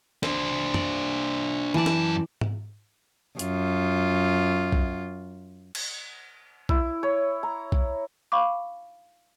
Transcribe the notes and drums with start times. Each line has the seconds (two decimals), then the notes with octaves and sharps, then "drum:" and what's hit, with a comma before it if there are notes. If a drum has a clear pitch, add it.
0.23 D4 C5, drum: snare
0.74 D5, drum: tom F#2
1.74 F#2 E3 D5 A5
1.86 drum: snare
2.41 drum: tom G#2
3.39 F#2 F4, drum: hi-hat
4.72 drum: kick
5.75 drum: cymbal
6.69 E4, drum: kick
7.03 C#5
7.43 A#5
7.72 drum: kick
8.32 F5 B5 C#6 D6